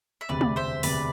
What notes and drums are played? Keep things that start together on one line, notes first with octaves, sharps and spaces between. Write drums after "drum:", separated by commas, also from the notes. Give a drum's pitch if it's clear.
E5
E1 D2 C3 B4 D5
drum: tom
C5 E5
E1 D2 C3 B4 D5, drum: open hi-hat